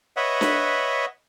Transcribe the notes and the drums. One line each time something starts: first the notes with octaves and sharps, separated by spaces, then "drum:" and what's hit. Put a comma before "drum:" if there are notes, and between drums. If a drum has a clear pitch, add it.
B4 C#5 D#5 E5 F#5
drum: snare D4